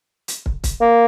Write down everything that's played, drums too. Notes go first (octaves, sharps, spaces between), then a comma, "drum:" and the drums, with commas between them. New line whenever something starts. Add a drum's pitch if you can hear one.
drum: hi-hat
drum: kick
drum: kick, hi-hat
A#3